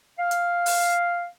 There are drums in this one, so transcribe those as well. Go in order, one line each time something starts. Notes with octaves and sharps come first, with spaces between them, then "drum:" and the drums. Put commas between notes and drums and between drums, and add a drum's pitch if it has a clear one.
F5
drum: hi-hat
drum: open hi-hat